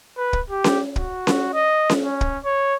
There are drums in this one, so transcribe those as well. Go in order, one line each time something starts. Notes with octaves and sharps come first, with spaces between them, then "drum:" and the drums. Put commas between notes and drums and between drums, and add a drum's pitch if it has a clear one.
B4
drum: kick
G4
drum: snare C#4
F#4, drum: kick
drum: snare C#4
D#5
drum: snare C#4
C#4
drum: kick
C#5